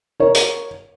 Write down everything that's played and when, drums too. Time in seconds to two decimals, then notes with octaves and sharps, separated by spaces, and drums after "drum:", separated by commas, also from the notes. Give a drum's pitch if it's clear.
0.20 A#4 C#5
0.35 drum: hi-hat